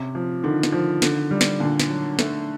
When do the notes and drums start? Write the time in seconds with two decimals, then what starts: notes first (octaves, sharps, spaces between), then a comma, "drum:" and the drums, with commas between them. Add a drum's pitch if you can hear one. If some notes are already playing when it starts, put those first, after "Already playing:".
Already playing: C3 C#4
0.15 F3
0.43 D3 D#3
0.63 drum: snare
0.72 F3
1.02 D3, drum: snare
1.31 G3
1.41 drum: snare
1.60 A#2 D3
1.80 drum: snare
1.89 F#3
2.19 A3, drum: snare